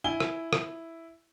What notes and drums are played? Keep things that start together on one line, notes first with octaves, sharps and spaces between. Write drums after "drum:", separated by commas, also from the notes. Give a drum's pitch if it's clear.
E4 G#5 G7
drum: rim click
drum: rim click